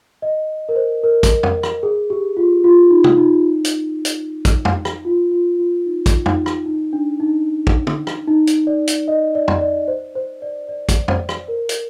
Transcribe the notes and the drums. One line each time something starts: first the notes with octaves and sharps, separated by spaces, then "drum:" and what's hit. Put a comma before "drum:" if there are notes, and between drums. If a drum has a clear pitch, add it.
D#5
A#4
C5
A#4
drum: kick, hi-hat
drum: tom
drum: rim click
G#4
G4
F4
F4
D#4
drum: tom
D#4
drum: hi-hat
drum: hi-hat
drum: kick, hi-hat
drum: tom
drum: rim click
F4
F4
F4
D#4
drum: kick, hi-hat
D#4, drum: tom
drum: rim click
D#4
D4
D#4
drum: kick
drum: tom
drum: rim click
D#4
drum: hi-hat
D5
drum: hi-hat
D#5
D5
drum: tom
D5
C5
C5
D5
D5
drum: kick, hi-hat
C5, drum: tom
drum: rim click
A#4
drum: hi-hat